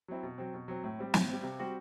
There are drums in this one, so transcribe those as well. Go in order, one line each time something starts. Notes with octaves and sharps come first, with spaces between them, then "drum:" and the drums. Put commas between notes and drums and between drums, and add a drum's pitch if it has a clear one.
F#3 C4 E4
B2
F#3 C4
B2
F#3 C4
A2
G3 C4
A2, drum: snare
G3 C4
C3
G3 C4 F#4